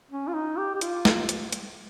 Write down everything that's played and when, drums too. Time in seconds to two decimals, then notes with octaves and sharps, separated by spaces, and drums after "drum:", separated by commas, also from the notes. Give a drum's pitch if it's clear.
0.11 C#4
0.28 F4
0.34 D#4
0.58 G4
0.75 G4
0.81 F4, drum: hi-hat
1.05 drum: snare
1.29 drum: hi-hat
1.53 drum: hi-hat